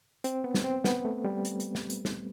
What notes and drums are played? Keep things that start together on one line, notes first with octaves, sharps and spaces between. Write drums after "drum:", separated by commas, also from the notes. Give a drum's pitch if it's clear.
C4, drum: hi-hat
B3
drum: snare
C4
B3, drum: snare
A3
G3
drum: hi-hat
drum: hi-hat
drum: snare
drum: hi-hat
drum: snare